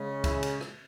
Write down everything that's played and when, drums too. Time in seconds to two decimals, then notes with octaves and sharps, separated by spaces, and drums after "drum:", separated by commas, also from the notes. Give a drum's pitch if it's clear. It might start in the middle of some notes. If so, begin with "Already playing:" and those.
Already playing: C#3 G#3 C#4
0.24 E4, drum: kick C#2, cymbal
0.43 drum: cymbal
0.61 drum: rim click